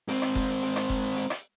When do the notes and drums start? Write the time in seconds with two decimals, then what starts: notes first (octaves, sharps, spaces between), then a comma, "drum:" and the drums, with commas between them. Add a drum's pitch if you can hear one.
0.08 G#2 C4, drum: open hi-hat
0.22 drum: rim click
0.35 drum: kick F1, hi-hat
0.49 drum: hi-hat
0.62 drum: open hi-hat
0.76 drum: rim click
0.90 drum: kick F1, hi-hat
1.03 drum: hi-hat
1.17 drum: open hi-hat
1.30 drum: rim click